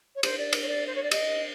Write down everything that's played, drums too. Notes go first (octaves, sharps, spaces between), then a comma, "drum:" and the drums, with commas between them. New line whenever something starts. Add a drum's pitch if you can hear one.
C#5
C5, drum: cymbal
D5
drum: cymbal
C#5
D5
C5
C#5
D5
D#5, drum: cymbal